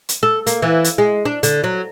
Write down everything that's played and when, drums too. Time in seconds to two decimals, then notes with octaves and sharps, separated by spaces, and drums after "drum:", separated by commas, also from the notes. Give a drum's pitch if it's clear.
0.09 drum: hi-hat
0.23 A4
0.47 A#3, drum: hi-hat
0.62 E3
0.84 drum: hi-hat
0.98 G#3
1.25 D4
1.43 D3, drum: hi-hat
1.64 F#3